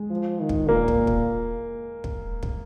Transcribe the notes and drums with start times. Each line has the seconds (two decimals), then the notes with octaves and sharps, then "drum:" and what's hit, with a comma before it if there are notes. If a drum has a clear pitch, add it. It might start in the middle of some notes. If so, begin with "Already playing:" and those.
Already playing: G#3
0.10 F3
0.40 D#3
0.49 drum: kick
0.69 A#2 A#3
0.88 drum: kick
1.07 drum: kick
2.04 drum: kick
2.43 drum: kick